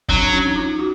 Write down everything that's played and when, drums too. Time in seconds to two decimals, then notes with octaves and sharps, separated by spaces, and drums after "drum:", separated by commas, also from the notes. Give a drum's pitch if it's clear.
0.09 F#3 C4 D4, drum: kick
0.21 D4
0.32 C#4 D#4
0.55 D#4 F4
0.79 E4 F#4